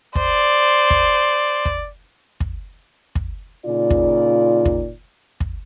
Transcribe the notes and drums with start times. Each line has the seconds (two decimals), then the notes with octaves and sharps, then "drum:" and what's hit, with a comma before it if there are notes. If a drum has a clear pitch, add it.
0.15 C5 D5, drum: kick
0.90 drum: kick
1.65 drum: kick
2.40 drum: kick
3.15 drum: kick
3.65 A#2 C#3 D#4 F4 D5
3.90 drum: kick
4.65 drum: kick
5.40 drum: kick